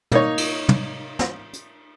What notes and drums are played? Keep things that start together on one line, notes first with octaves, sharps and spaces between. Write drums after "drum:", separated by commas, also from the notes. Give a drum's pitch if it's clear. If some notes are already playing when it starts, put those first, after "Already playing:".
A#3 D#4 C#5, drum: tom
drum: cymbal
drum: tom
drum: snare
drum: hi-hat